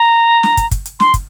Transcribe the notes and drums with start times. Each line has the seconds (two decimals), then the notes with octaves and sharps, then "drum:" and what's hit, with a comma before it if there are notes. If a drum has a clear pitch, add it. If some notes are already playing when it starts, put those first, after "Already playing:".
Already playing: A#5
0.43 drum: snare
0.57 drum: kick, hi-hat
0.71 drum: kick, hi-hat
0.86 drum: hi-hat
1.00 C6, drum: snare
1.14 drum: kick, hi-hat